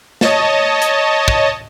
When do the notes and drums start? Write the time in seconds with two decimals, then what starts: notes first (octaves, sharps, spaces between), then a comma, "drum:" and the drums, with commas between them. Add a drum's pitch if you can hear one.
0.21 C#5 D#5 A5, drum: snare
0.82 drum: hi-hat
1.28 drum: kick